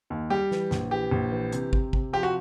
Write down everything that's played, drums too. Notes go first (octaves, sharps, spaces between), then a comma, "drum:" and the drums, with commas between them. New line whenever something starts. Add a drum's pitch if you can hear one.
D#2
G3 G4
E3, drum: snare
A#1, drum: snare
E3 G4
A#1
E3
C3, drum: hi-hat
C3, drum: kick
C3, drum: kick
F3 G4
F#4